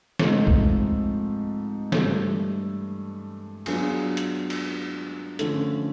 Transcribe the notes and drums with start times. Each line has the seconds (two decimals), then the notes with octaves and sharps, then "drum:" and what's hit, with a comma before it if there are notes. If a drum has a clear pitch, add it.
0.19 G#2 F3 A3 C4 D#4, drum: snare
0.47 drum: kick
1.92 G2 E3 A3, drum: snare
3.66 F#3 B3 D4 F4 G#4, drum: cymbal
4.17 drum: hi-hat
4.50 drum: cymbal
5.39 D3 F3 A3 C#4, drum: hi-hat